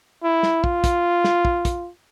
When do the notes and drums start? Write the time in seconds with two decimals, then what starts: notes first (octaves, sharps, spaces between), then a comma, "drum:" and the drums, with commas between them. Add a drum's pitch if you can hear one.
0.23 E4
0.43 drum: snare
0.64 F4, drum: kick
0.84 drum: kick, hi-hat
1.24 drum: snare
1.45 drum: kick
1.65 drum: kick, hi-hat